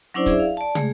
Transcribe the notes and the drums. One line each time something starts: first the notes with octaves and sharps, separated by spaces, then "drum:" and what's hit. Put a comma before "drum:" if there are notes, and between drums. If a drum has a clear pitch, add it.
F#3 C#4 D4 E4 C5 D5
E4 G#4 D5 E5, drum: kick, hi-hat
F5
D5 A5
G#3 A3 G#4, drum: tom